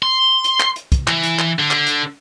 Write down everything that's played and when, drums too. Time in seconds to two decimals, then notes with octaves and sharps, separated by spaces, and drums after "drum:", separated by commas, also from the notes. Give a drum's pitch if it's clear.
0.03 C6
0.44 drum: hi-hat
0.60 drum: clap
0.76 drum: hi-hat
0.92 drum: kick, hi-hat
1.08 E3, drum: clap
1.23 drum: hi-hat
1.39 drum: clap
1.59 D3
1.71 drum: clap
1.87 drum: hi-hat